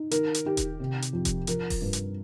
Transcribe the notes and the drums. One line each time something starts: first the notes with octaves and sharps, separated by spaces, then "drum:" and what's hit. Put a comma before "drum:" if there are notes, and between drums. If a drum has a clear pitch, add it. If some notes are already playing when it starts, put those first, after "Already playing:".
Already playing: D#4
D#3 A#4, drum: hi-hat
drum: hi-hat
D#3 G4
drum: kick D#1, hi-hat
C3
drum: hi-hat
F2
drum: kick D#1, hi-hat
F3 A#4, drum: hi-hat
drum: kick D#1, open hi-hat
G2
drum: hi-hat